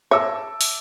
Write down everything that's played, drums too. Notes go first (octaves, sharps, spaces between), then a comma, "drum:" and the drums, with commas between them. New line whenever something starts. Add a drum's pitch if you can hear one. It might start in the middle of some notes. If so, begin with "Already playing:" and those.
C#5 E5 A5 D6 E6
drum: open hi-hat